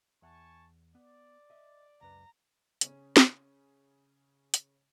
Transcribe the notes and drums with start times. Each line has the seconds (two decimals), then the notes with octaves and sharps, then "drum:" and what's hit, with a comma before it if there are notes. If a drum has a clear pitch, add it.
0.22 E2 E5 F#5 G#5 A5 C#6
0.95 B3 D5
1.50 D#5 E5
2.01 C#2 F#2 B4 A#5
2.81 C#3 C#4, drum: hi-hat
3.17 drum: snare
4.54 drum: hi-hat